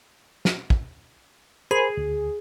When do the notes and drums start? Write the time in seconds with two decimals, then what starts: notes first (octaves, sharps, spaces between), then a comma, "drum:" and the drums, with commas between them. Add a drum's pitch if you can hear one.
0.45 drum: snare
0.70 drum: kick
1.71 G#4 A#4 C5 B5
1.97 D2